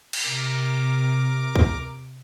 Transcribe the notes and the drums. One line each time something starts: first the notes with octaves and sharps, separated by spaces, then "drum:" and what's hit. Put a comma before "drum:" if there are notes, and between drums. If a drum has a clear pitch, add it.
drum: cymbal
C3 A#4 D6
drum: kick